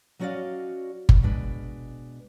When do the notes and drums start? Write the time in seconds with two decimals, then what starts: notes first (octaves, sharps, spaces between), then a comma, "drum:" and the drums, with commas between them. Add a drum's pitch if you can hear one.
0.19 F#3 C#4 F#4 D5 D#5 F5
1.09 drum: kick G1
1.23 B2 G#3 D4 B4